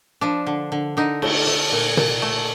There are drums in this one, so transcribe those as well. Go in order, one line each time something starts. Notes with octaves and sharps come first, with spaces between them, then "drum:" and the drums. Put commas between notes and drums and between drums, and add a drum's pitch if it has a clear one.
F3 D4
D3
D3
D3 D#4
A3, drum: cymbal
A3
A#2
A#2, drum: tom
A3